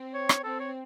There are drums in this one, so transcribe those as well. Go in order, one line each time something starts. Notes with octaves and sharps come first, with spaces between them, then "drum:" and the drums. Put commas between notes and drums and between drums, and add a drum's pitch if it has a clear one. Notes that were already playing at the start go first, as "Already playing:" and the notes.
Already playing: C4
C#5
drum: rim click
C4 A4
C#5